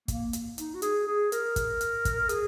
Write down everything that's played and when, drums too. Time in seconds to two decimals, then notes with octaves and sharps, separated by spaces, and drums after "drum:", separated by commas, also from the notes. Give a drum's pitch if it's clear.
0.08 A#3, drum: kick, hi-hat
0.33 drum: hi-hat
0.58 D#4, drum: hi-hat
0.74 F#4
0.82 G#4, drum: hi-hat
1.07 G#4
1.32 A#4, drum: hi-hat
1.56 drum: kick, hi-hat
1.81 drum: hi-hat
2.05 drum: kick, hi-hat
2.29 G#4, drum: hi-hat